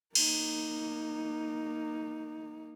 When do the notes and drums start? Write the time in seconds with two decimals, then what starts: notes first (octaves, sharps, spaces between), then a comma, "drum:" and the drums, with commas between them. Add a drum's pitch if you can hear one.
0.15 A#3 D#4, drum: cymbal